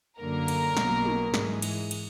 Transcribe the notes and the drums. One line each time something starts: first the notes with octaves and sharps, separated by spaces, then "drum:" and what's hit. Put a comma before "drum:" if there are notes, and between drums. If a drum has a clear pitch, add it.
F#2 D3 F#3 A#3 A#4
drum: cymbal
B1 B2 F#3 A#3, drum: snare
drum: tom
G#2 E3 G#3, drum: snare
drum: cymbal
drum: cymbal